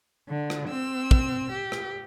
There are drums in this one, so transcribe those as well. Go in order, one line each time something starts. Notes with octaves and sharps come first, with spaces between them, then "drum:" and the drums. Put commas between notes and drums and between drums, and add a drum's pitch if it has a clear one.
D3
drum: rim click
C4 E6
drum: kick
G4
drum: rim click